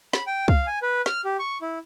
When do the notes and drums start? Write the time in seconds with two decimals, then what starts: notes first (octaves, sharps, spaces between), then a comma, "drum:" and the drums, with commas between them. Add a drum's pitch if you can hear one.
0.13 B5, drum: snare
0.27 G5
0.48 F5, drum: kick
0.67 G#5
0.82 B4
1.06 F6, drum: snare
1.25 G4
1.39 C#6
1.62 E4